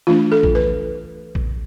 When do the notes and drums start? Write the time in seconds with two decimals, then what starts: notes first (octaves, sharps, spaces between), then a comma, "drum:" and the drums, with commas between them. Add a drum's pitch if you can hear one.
0.07 E3 A3 D4 F4
0.32 A4
0.43 drum: kick
0.55 B4
1.35 drum: kick